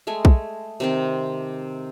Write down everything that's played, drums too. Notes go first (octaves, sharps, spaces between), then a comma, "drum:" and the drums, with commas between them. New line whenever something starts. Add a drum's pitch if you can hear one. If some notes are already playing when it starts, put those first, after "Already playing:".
G#3 A3 G#5
drum: kick
C3 D#3 C4